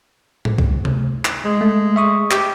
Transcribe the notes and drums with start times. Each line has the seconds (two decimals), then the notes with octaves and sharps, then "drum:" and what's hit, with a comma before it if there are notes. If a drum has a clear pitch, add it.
0.45 drum: tom A2
0.58 drum: kick
0.85 drum: tom C3
1.25 drum: clap
1.45 G#3
1.61 A3
1.96 E5 C#6 D#6
2.31 G4, drum: clap